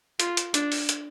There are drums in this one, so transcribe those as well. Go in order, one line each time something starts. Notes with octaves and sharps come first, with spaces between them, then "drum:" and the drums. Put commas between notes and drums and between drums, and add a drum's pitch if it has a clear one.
F4, drum: hi-hat
drum: hi-hat
D4, drum: hi-hat
drum: open hi-hat
drum: hi-hat